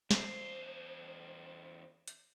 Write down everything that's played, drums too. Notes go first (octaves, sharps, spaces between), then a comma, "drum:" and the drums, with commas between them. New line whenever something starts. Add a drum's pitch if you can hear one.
E2 C5, drum: snare
drum: hi-hat